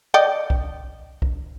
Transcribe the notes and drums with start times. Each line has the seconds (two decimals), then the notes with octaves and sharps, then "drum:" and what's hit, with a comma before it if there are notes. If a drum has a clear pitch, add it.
0.14 D5 D#5 G5
0.50 drum: kick B1
1.22 drum: kick B1